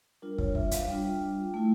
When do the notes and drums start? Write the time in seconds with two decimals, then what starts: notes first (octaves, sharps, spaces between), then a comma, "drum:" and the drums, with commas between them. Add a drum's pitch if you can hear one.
0.22 G3 D4 F4 A#4
0.38 C#5, drum: kick
0.55 E5, drum: kick
0.71 F5, drum: hi-hat
0.87 G3 D4 F4 G5
1.54 A3 E4